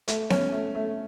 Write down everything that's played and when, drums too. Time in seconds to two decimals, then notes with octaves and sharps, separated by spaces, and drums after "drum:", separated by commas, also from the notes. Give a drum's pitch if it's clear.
0.08 A3, drum: hi-hat
0.30 C#4, drum: snare B3
0.53 A3
0.75 A3